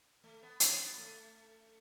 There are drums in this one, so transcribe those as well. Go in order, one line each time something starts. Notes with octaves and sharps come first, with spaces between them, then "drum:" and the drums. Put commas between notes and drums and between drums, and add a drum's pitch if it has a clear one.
A3
B3
C#4, drum: hi-hat
B3
A3